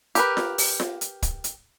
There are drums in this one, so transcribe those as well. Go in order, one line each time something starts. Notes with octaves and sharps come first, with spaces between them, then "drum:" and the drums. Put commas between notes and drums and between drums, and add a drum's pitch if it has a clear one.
G4 A#4 B4, drum: hi-hat
drum: snare F4
drum: open hi-hat
drum: snare F4
drum: hi-hat
drum: kick, hi-hat
drum: hi-hat